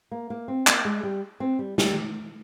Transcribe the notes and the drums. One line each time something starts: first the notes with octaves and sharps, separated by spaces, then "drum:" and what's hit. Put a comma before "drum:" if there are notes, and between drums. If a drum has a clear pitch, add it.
A#3
A#3
C4
A#3, drum: clap
G#3
G3
C4
G3
G3, drum: snare